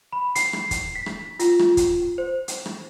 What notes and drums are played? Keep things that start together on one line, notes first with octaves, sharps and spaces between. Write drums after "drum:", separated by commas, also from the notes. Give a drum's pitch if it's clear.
B5
C7, drum: hi-hat
drum: rim click
drum: kick, hi-hat
B6
drum: rim click
F4, drum: hi-hat
drum: rim click
drum: kick, hi-hat
C5
drum: hi-hat
drum: rim click